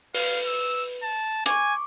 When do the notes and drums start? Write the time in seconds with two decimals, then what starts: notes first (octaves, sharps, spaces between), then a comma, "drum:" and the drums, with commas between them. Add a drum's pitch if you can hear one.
0.15 B4 F5, drum: open hi-hat
0.46 E6
1.03 A5
1.46 G#5 C#6 D6, drum: hi-hat